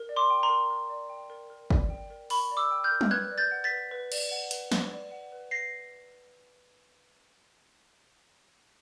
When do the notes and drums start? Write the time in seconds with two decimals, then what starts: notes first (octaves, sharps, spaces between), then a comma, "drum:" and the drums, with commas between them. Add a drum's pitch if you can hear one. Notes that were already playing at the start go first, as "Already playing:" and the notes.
Already playing: A#4
0.09 D5
0.16 C6 D6
0.30 G5
0.43 A#5 C6
0.49 A#4
0.70 A#4
0.89 D5
1.09 G5
1.30 A#4
1.50 A#4
1.70 D5, drum: kick
1.90 G5
2.11 A#4
2.30 A#4 B5 C#6, drum: open hi-hat
2.51 D5
2.57 D6 E6
2.71 G5
2.84 F6 G6
2.91 A#4
3.01 drum: tom F#3
3.11 B4 F#6 G#6
3.31 D5
3.38 G6 A6
3.51 F#5
3.64 A6 B6
3.71 B4
3.91 B4
4.12 D5, drum: cymbal
4.31 F#5
4.51 B4, drum: hi-hat
4.72 B4, drum: snare
4.91 D5
5.12 F#5
5.32 B4
5.51 B4 A#6 C7